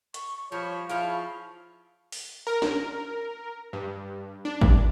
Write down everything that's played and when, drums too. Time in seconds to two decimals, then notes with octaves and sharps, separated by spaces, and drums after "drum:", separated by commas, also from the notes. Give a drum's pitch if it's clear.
0.14 C#6, drum: hi-hat
0.52 F3 G3 C#5 B5
0.90 F3 E4 F4 G#4 C#5 F5 B5
2.12 drum: open hi-hat
2.47 A#4
2.62 drum: snare
3.73 G2
4.45 D4
4.61 drum: kick G#1